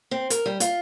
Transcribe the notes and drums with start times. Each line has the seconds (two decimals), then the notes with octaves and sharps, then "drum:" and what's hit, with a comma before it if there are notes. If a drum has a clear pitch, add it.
0.11 C4
0.30 A#4, drum: hi-hat
0.46 G3
0.60 F4, drum: hi-hat